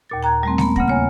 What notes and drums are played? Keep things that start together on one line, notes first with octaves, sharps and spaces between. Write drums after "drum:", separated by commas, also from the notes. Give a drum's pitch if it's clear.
D#2 A#2 A6
G5 A#5 F#6 G#6
G3 A3 C4
A#3 B3, drum: snare G#3
C#3 A#3 F#5 A#6, drum: kick
E2 C#5 F6